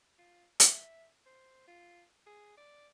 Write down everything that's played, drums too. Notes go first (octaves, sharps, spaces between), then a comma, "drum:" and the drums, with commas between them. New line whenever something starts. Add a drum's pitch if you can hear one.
F4
E5, drum: hi-hat
C5
F4
G#4
D5